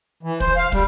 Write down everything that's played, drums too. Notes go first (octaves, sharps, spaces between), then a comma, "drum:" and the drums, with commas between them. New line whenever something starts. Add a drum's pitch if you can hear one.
E3
C5, drum: kick
F5
G3, drum: kick